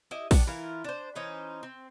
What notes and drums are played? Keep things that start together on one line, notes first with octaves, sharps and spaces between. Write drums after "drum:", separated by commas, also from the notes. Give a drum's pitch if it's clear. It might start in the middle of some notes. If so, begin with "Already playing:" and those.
E4 G4 D#5
B3 D4 G4, drum: kick A#1, open hi-hat
E3 E4 F4 A#4
D4 C5
E3 C#4 D#4 C5
C4